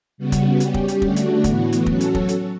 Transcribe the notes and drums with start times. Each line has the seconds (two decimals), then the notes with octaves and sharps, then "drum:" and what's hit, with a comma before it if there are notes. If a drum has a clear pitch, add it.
0.18 C#3 G3 B3 F#4
0.32 drum: kick, hi-hat
0.60 G3 C#4 G4, drum: hi-hat
0.74 drum: kick
0.88 drum: hi-hat
1.02 D3 A3 D4 F#4, drum: kick
1.16 drum: hi-hat
1.44 A2 E3 B3 F#4, drum: kick, hi-hat
1.72 drum: hi-hat
1.86 F#3 C#4 F#4 A4, drum: kick
2.01 drum: hi-hat
2.15 drum: kick
2.29 drum: hi-hat